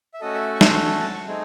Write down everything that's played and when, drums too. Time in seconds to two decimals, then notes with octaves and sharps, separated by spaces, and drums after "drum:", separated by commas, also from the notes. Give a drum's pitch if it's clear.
0.14 E5
0.21 A3 C#4 F#4 A4 D#5
0.34 E5
0.55 C#6
0.61 C6, drum: snare
0.74 C#6
0.88 C#6
1.00 A5
1.14 C#6
1.27 A3 C4 D#4 G#4